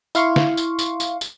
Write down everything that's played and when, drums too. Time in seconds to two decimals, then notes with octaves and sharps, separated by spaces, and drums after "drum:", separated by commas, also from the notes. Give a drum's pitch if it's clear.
0.15 E4 F5 C6 C#6, drum: tambourine
0.36 drum: snare
0.57 drum: tambourine
0.79 drum: tambourine
1.00 drum: tambourine
1.21 drum: tambourine